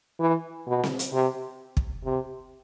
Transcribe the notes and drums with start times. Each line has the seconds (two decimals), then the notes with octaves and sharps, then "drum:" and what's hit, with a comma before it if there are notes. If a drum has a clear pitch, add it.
0.20 E3
0.67 B2
0.83 drum: snare C4
0.99 drum: hi-hat
1.12 C3
1.77 drum: kick
2.04 C3